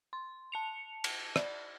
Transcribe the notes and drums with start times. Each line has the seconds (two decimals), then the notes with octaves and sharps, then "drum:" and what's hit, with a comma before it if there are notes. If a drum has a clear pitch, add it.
0.13 C6
0.52 A5 C#7 F7
1.04 drum: cymbal
1.36 D5, drum: rim click